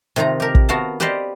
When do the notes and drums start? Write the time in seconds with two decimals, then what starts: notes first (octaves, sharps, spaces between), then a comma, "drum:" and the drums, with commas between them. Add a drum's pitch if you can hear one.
0.16 C3 D#3 D#4 F4 A#5
0.40 G4 A#4
0.55 drum: kick
0.69 B3 F#4 A#4 F5 A5
1.00 G4 B4 C5 D5 D#5 F5